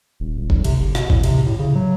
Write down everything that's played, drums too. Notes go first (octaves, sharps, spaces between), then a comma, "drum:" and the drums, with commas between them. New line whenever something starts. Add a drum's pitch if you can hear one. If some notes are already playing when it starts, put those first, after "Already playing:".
D#1
D#1
B1, drum: kick G#1
C3, drum: cymbal
F#1
B2, drum: rim click
A2, drum: kick G#1
C3, drum: cymbal
A2
C#3
F#3